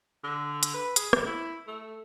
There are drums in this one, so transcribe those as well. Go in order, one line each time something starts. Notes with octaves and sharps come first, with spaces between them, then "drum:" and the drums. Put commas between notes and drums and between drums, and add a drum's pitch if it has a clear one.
D3
drum: hi-hat
B4
G#4, drum: hi-hat
drum: rim click
E4
A3